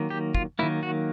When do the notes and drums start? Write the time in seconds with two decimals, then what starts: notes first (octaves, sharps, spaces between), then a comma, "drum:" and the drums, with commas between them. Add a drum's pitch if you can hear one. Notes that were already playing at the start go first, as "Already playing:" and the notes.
Already playing: D#3 F#3 A#3
0.10 G4
0.35 F4, drum: kick
0.59 D#3 F#3 A#3 E4
0.83 F#4